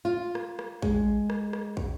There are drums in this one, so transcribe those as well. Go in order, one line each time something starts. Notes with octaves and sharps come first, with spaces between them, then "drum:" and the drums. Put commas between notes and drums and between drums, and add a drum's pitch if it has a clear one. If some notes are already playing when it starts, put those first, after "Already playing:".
F4
drum: rim click
drum: rim click
G#3, drum: kick
drum: rim click
drum: rim click
drum: kick